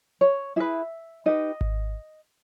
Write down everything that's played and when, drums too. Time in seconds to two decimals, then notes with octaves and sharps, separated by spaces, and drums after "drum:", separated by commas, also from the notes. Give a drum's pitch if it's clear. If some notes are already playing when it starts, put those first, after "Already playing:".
0.21 C#5
0.56 E4 G#4 B4 E5
1.26 D#4 G4 B4 D#5
1.61 drum: kick G#1